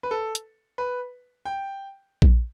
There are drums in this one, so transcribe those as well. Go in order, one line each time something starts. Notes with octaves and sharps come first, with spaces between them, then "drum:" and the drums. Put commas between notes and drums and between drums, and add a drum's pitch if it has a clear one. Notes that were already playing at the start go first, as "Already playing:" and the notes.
B4
A4
drum: hi-hat
B4
G5
drum: kick A#1